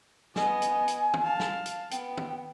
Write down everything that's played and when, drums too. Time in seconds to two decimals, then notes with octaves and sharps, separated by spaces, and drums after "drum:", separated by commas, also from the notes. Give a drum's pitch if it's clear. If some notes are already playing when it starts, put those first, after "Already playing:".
0.36 B3 D#5 G#5, drum: snare
0.62 drum: hi-hat
0.88 drum: hi-hat
1.14 drum: tom
1.23 F5 A5
1.40 drum: snare
1.66 drum: hi-hat
1.91 B3 G5, drum: hi-hat
2.18 drum: tom